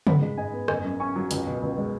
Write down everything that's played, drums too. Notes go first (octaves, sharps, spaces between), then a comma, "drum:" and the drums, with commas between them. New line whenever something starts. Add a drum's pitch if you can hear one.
G#2 F#5 B5, drum: tom
G#3
G#2 D#5 G#5
B3
F#1 D#5 G#5, drum: rim click
F#2
C#4 G#5 C#6
F#3
C#2, drum: hi-hat
B2
C#2
G#3